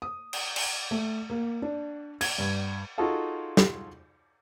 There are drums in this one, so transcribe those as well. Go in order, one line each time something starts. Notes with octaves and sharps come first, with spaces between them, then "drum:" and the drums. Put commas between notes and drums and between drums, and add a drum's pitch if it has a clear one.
D#6
drum: cymbal
drum: cymbal
A3
A#3
D4
G#6, drum: cymbal
G2
D#4 F4 F#4 G#4 A4 F5
drum: snare